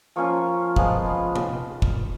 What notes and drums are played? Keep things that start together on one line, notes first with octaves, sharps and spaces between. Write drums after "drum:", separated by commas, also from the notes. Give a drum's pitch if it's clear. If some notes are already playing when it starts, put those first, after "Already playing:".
F3 A#3 C#4 F4 C#6
F3 G#3 B3, drum: kick
drum: tom C3
drum: kick